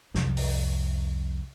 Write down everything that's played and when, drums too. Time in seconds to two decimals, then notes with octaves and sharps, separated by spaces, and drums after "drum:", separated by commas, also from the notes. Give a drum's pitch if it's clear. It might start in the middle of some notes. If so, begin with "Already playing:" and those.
0.14 C2 F2, drum: snare
0.37 drum: open hi-hat